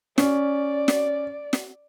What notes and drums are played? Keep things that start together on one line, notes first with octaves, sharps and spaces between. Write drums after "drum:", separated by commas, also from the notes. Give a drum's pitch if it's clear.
C#4 D5, drum: snare
drum: snare
drum: snare